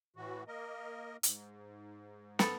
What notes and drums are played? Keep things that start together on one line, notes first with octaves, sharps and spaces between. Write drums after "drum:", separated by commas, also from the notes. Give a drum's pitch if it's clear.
A2 E3 F#4
A#3 A#4 D#5
G#2, drum: hi-hat
B3 A4, drum: snare